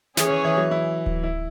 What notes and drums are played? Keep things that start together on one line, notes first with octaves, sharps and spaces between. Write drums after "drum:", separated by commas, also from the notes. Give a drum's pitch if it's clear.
E3 C#4 G#4 C#5, drum: snare
E3
E3
F#3
E4
drum: kick D1
E4